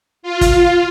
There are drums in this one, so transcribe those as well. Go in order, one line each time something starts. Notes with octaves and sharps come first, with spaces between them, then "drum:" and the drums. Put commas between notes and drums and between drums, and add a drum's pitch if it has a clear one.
F4
drum: kick, hi-hat
F4